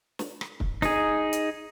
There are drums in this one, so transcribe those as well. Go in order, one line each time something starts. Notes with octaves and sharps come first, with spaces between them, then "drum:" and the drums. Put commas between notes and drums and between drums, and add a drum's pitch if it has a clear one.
drum: snare
drum: rim click
drum: kick
D#4 G#4, drum: snare
drum: hi-hat